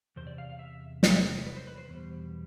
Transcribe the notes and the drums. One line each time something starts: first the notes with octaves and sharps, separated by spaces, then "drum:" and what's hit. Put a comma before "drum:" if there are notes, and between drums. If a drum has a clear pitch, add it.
E2 C3 C5
D5
F5
F5
E5
drum: snare
B4
C5
B4
C5
E2 B2 G3